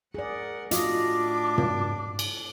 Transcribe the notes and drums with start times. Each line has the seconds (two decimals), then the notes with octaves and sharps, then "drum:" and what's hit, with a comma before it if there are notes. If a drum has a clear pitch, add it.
0.14 G#4 A#4 D5 F#5
0.71 A2 D4 F4 F#4 D#5 D6, drum: hi-hat
1.58 drum: tom
2.19 drum: cymbal